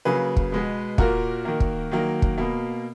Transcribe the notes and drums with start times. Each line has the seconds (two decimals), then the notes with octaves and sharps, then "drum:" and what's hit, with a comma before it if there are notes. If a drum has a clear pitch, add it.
0.05 C#3 F#3 A#3 G#4 B4
0.37 drum: kick
0.52 B2 G#3 B3
0.98 A#2 A#3 F#4 A#4, drum: kick
1.45 D#3 A#3
1.60 drum: kick
1.91 D#3 F#3 A#3
2.22 drum: kick
2.38 B2 A#3